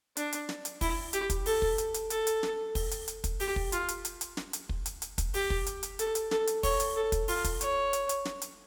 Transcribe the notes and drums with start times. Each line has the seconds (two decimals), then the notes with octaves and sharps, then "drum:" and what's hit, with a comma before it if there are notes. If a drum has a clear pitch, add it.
0.17 D4, drum: hi-hat
0.33 drum: hi-hat
0.49 drum: snare
0.65 drum: hi-hat
0.81 E4, drum: kick, open hi-hat
1.13 G4, drum: hi-hat
1.30 drum: kick, hi-hat
1.46 A4, drum: open hi-hat
1.62 drum: kick
1.78 drum: hi-hat
1.94 drum: hi-hat
2.10 A4, drum: hi-hat
2.27 drum: hi-hat
2.43 drum: snare
2.75 drum: kick, open hi-hat
2.91 drum: hi-hat
3.08 drum: hi-hat
3.24 drum: kick, hi-hat
3.40 G4, drum: open hi-hat
3.56 drum: kick
3.72 F4, drum: hi-hat
3.88 drum: hi-hat
4.05 drum: hi-hat
4.21 drum: hi-hat
4.37 drum: snare
4.53 drum: hi-hat
4.69 drum: kick
4.86 drum: hi-hat
5.02 drum: hi-hat
5.18 drum: kick, hi-hat
5.34 G4, drum: open hi-hat
5.50 drum: kick
5.66 drum: hi-hat
5.83 drum: hi-hat
5.99 A4, drum: hi-hat
6.15 drum: hi-hat
6.31 A4, drum: snare
6.47 drum: hi-hat
6.63 C#5, drum: kick, open hi-hat
6.80 drum: hi-hat
6.96 A4
7.12 drum: kick, hi-hat
7.28 F4, drum: open hi-hat
7.44 drum: kick, hi-hat
7.61 C#5, drum: hi-hat
7.93 drum: hi-hat
8.09 drum: hi-hat
8.25 drum: snare
8.42 drum: hi-hat